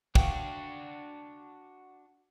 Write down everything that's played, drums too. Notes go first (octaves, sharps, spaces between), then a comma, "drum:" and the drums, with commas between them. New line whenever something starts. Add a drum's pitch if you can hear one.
D4 F#4 F5 G5, drum: kick